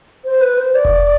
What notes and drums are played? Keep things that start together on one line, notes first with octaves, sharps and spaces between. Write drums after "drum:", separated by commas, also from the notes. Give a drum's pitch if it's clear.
C5
B4
C5
D5
drum: kick F1